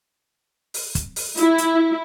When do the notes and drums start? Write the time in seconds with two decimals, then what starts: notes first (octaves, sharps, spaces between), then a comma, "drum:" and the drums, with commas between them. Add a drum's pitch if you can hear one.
0.74 drum: open hi-hat
0.95 drum: kick, hi-hat
1.16 drum: open hi-hat
1.37 E4, drum: hi-hat
1.58 drum: hi-hat